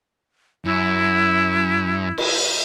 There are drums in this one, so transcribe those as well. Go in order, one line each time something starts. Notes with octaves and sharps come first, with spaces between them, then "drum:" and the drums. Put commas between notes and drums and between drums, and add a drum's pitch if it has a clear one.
F#2 E4
drum: cymbal